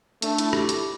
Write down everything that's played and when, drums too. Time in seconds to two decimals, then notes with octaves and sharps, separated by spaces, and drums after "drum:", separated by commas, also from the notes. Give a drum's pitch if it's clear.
0.22 A3 D4, drum: hi-hat
0.38 E4, drum: hi-hat
0.53 G4, drum: rim click
0.69 drum: hi-hat